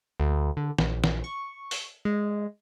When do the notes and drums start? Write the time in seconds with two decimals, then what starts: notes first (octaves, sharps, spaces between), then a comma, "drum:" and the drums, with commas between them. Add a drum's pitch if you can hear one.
0.20 D2
0.57 D3
0.79 A#1, drum: snare
1.04 drum: snare
1.24 C#6
1.71 drum: open hi-hat
2.05 G#3